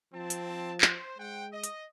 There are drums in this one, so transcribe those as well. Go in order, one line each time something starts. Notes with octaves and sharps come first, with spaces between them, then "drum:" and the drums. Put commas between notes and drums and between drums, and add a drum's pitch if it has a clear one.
F3 C4 A5
drum: hi-hat
C5, drum: clap
G#3 C5 F#5 G5
D#5
drum: hi-hat